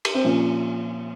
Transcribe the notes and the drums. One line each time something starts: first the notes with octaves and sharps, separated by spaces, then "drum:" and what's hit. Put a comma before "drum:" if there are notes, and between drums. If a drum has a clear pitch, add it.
drum: cymbal
C4
A#2 F3 C#4